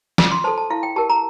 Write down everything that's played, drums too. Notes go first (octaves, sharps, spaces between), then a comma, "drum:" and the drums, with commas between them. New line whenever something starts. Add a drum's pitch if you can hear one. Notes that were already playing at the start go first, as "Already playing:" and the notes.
F4 D6, drum: snare
C6
A4 C5 A5
A5
E4 F5
G5
G4 A#4 A5
A#5